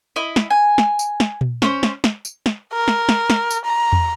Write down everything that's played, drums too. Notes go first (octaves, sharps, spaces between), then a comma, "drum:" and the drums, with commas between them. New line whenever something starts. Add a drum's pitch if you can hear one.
E4 D#5
drum: snare
G#5
drum: snare
drum: tambourine
drum: snare
drum: tom A#2
C#4 C5, drum: snare
drum: snare
drum: snare
drum: tambourine
drum: snare
A#4
drum: snare
drum: snare
drum: snare
drum: tambourine
A#5
drum: tom E2